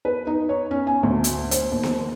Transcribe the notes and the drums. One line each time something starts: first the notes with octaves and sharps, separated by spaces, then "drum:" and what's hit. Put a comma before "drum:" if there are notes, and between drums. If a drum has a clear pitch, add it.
B4
D#4
C#5
C#4
G#5
D2
drum: hi-hat
C5, drum: hi-hat
D#2
drum: snare B3